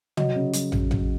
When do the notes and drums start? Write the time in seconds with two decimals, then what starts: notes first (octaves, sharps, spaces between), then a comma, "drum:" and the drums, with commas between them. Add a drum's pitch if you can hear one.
0.17 F#3 D#5, drum: tom
0.36 C#3
0.53 F#3, drum: hi-hat
0.72 F#3, drum: tom
0.91 F#3, drum: tom